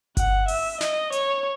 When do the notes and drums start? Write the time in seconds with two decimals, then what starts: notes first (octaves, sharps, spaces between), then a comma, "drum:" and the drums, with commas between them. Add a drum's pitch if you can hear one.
0.17 F#5, drum: kick G1, hi-hat
0.48 E5, drum: open hi-hat
0.81 D#5, drum: snare
1.12 C#5, drum: hi-hat